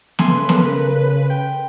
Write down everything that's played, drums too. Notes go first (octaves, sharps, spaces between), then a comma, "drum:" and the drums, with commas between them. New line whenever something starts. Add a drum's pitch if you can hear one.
C#3 A3 B4 G#5 C6, drum: snare
A#4, drum: snare
G5